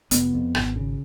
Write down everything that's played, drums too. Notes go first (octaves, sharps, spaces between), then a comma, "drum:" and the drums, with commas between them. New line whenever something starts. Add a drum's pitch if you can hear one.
F1 B3, drum: hi-hat
F2
G#1, drum: rim click
C#3